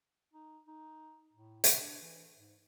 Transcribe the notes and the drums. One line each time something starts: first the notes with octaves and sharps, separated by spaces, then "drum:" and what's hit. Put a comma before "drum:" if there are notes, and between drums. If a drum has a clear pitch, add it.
D#4
D#4
A2
D3, drum: hi-hat
D4
E3
G#2